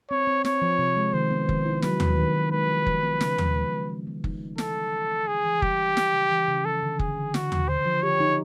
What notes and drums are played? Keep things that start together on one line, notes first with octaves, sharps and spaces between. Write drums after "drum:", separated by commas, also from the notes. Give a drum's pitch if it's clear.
C4 C#5
C4
C4 C#5, drum: snare
F3
C3
G#3
D#3 C5
B3
D#3, drum: kick F#1
E4
F#3 B4, drum: snare
B3, drum: tom D#2
D#3
D#3
G#3 B4
F3
F3, drum: kick F#1
B3
C#3, drum: snare
F3, drum: tom D#2
G#3
G#3
B3
B3
D#4, drum: kick F#1
G3
E3 A4, drum: snare
B3
B3
B3
C#3 G#4
E3
G3 G4, drum: kick F#1
G3
G3, drum: snare
C#3
E3
C#3
F3 A4
D3
D3 G#4, drum: kick F#1
D3
D3 F#4, drum: snare
D3, drum: tom D#2
D3 C5
F3
G4 C#5
D#4